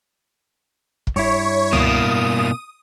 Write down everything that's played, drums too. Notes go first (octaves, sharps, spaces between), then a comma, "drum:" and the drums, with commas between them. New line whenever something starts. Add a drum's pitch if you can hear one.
drum: kick
G2 E4 C#5
B2 A#3 D#6, drum: tom C#2